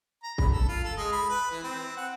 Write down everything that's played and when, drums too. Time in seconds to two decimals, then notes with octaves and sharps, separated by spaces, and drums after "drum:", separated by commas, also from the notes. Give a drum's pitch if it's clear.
0.23 A#5
0.38 B5, drum: kick
0.53 A4
0.69 F4
0.84 A4
0.97 G#3
1.12 B5
1.29 B4
1.51 E3
1.63 C4
1.97 F#5